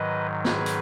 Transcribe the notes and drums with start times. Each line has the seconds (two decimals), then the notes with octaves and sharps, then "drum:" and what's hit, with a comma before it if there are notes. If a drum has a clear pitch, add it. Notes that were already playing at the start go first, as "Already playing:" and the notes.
Already playing: G#2 D#3 F#3 B4 D#5
0.45 G#4 B4, drum: snare
0.66 drum: hi-hat